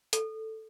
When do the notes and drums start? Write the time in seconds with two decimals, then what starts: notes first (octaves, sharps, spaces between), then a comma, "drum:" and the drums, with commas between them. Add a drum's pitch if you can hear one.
0.13 A4, drum: hi-hat